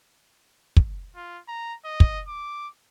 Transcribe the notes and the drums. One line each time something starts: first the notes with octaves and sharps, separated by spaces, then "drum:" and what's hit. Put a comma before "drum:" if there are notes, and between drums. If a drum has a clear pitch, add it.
drum: kick
F4
A#5
D#5
drum: kick
D6